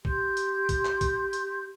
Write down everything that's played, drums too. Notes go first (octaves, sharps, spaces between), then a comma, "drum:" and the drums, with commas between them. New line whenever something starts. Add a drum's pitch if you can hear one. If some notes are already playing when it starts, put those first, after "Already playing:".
G4 C6 G6, drum: kick
drum: hi-hat
drum: kick, hi-hat
drum: clap
drum: kick, hi-hat
drum: hi-hat